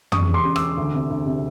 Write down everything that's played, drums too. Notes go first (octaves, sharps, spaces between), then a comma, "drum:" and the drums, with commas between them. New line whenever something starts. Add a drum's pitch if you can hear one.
E1 C#6 D#6, drum: tom
E1
C6 D6
C#3
D6 E6, drum: rim click
C#3
D2
C3
D2
C3